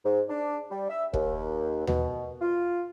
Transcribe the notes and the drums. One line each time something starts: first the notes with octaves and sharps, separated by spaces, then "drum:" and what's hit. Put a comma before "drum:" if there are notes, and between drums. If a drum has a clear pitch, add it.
G#2
D4
G3
E5
D#2, drum: kick
B2, drum: tom D#2
F4